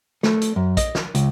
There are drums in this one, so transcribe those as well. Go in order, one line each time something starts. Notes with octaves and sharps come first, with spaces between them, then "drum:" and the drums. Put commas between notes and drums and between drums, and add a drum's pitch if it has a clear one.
A3, drum: snare
drum: hi-hat
F#2
D#5, drum: kick A#1, hi-hat
drum: snare
C#2, drum: hi-hat